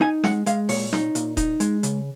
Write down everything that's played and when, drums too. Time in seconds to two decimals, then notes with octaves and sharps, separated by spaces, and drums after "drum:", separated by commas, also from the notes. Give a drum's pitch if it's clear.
0.01 D#4 G#5
0.24 G#3 F#5, drum: snare
0.46 G#3 F5, drum: hi-hat
0.69 A#2 C#5, drum: open hi-hat
0.93 D#4, drum: snare
1.15 A#2, drum: hi-hat
1.37 D#4, drum: kick D#1, hi-hat
1.60 G#3, drum: hi-hat
1.83 C#3, drum: hi-hat